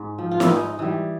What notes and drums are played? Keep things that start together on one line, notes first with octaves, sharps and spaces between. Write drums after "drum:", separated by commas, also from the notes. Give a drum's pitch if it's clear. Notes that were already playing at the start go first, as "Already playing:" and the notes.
Already playing: G#2
F3
F4
E4, drum: snare
G#2 D#4
E3 G3